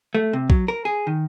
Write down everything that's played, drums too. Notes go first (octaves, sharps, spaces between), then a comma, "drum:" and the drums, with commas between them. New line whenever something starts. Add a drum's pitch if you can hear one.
A3
C3
F#3, drum: kick
A#4
G#4
D#3